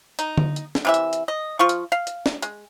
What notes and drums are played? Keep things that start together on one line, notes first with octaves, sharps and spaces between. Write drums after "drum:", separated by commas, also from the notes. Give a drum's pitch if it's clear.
D#4, drum: hi-hat
drum: tom D3
drum: hi-hat
drum: snare
C3 E3 E5
drum: hi-hat
drum: hi-hat
D#5
F3 F4 C#6
drum: hi-hat
F5
drum: hi-hat
drum: snare
G#3, drum: hi-hat